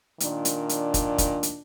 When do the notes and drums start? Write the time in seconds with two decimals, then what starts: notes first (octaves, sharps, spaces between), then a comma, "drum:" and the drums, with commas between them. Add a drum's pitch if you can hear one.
0.20 A#2 D#3 D4, drum: hi-hat
0.45 drum: hi-hat
0.69 drum: hi-hat
0.94 drum: kick, hi-hat
1.18 drum: kick, hi-hat
1.43 drum: hi-hat